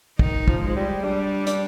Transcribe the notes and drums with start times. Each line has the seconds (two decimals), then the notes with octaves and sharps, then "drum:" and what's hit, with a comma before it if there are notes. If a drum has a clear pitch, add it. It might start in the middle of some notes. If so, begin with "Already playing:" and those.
0.19 D#3 D#4, drum: kick
0.48 F3, drum: kick
0.62 G#3
0.68 F3
0.76 G3
1.04 G3 D4
1.47 D4, drum: hi-hat